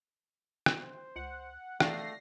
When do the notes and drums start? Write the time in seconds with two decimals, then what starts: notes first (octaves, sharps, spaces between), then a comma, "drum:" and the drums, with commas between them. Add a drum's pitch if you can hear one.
0.66 drum: rim click
0.81 C5
1.16 C#2 F#5
1.80 E3 A3 D5 F5 A#6 C7, drum: rim click